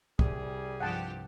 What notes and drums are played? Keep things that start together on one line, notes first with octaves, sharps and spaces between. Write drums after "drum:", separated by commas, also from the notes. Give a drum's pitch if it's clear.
C2 G3 G#4 D#7, drum: kick
G2 F3 G4 F#5 G5 A5